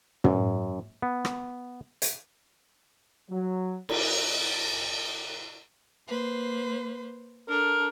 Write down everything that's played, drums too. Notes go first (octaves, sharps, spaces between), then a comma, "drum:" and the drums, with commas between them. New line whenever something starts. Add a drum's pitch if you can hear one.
F#2, drum: tom
B3
drum: rim click
drum: hi-hat
F#3
drum: cymbal
A#3 B4 C5
D4 A4 A#4